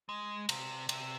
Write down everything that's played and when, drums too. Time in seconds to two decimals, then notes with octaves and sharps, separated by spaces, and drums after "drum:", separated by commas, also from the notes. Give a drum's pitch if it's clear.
0.09 G#3
0.49 C3, drum: cymbal
0.89 C3, drum: cymbal